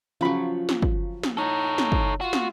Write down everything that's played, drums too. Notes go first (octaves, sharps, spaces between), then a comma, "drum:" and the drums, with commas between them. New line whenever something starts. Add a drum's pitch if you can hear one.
C#3 F3 F#3 B5
drum: snare
drum: kick
drum: snare
D#4 A4 C#5
drum: snare
drum: kick
F4 F#4
drum: snare